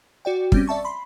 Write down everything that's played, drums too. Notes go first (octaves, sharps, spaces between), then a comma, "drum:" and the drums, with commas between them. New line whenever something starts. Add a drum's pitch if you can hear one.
F#4 D5 G5
G3 C4 C#4, drum: kick
D5 E5 A5 C#6
B5 C6